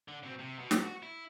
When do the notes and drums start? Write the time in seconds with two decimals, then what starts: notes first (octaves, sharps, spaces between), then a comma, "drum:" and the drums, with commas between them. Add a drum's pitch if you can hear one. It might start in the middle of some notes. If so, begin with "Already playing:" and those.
0.08 D3
0.23 B2 C4
0.39 C3
0.59 B2
0.71 drum: snare
0.82 F#4
1.03 E4